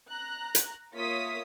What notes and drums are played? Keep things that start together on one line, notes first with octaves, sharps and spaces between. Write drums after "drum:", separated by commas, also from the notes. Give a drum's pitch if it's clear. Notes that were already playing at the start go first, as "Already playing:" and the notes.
A#5 F#6
drum: hi-hat
A#3 F4 C#5 E5 D#6 B6